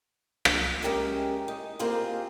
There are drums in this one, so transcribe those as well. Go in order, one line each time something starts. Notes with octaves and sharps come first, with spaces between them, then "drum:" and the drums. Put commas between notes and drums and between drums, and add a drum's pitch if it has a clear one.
drum: rim click
G#3 C#4 G4 G#4 A#4 E5
D#4
A#3 C4 F4 G4 G#4